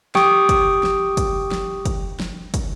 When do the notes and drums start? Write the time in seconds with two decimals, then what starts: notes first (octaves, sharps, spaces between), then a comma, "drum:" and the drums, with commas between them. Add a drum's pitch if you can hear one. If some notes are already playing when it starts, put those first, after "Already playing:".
0.15 G4 G5 C#6 D#6, drum: snare
0.49 drum: kick, hi-hat
0.83 drum: snare
1.17 drum: kick, hi-hat
1.51 drum: snare
1.85 drum: kick, hi-hat
2.20 drum: snare
2.54 drum: kick, hi-hat